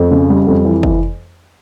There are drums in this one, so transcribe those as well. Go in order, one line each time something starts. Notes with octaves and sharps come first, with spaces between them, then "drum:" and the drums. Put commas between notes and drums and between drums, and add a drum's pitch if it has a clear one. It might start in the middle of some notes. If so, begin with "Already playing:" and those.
Already playing: F2
C#3
G3
F2
E3
E3, drum: kick